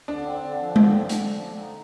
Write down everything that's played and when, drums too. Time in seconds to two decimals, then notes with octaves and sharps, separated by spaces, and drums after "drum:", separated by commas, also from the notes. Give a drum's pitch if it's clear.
0.08 D3 D4
0.25 C4
0.42 D3
0.59 F3
0.76 D3, drum: tom G#3
0.92 C4
1.09 D3, drum: hi-hat
1.26 F3
1.43 D3
1.60 D#4